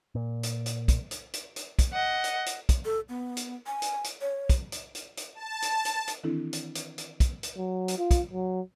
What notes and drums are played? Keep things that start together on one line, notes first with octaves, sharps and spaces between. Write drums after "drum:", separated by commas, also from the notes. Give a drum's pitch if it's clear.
A#2
drum: hi-hat
drum: hi-hat
drum: kick, hi-hat
drum: hi-hat
drum: hi-hat
drum: hi-hat
drum: kick, hi-hat
D#5 F#5
drum: hi-hat
drum: hi-hat
drum: kick, hi-hat
A4
B3
drum: hi-hat
G#5
drum: hi-hat
drum: hi-hat
C#5
drum: kick, hi-hat
drum: hi-hat
drum: hi-hat
drum: hi-hat
A5
drum: hi-hat
drum: hi-hat
drum: hi-hat
D#3 E3 C4 D4 E4 A4
drum: hi-hat
drum: hi-hat
drum: hi-hat
drum: kick, hi-hat
drum: hi-hat
F#3
drum: hi-hat
F4
drum: kick, hi-hat
F#3